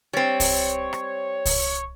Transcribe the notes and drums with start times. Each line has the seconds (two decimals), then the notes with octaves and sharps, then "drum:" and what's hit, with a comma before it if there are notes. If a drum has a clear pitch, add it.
0.13 G3 C4 C#5
0.40 drum: kick C2, open hi-hat
0.93 drum: rim click
1.46 drum: kick C2, open hi-hat